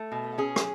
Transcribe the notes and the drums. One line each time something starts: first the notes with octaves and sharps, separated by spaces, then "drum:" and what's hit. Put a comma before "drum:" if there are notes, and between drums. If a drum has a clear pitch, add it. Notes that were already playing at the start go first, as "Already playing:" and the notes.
Already playing: A3
B2
C#4 G#4
drum: rim click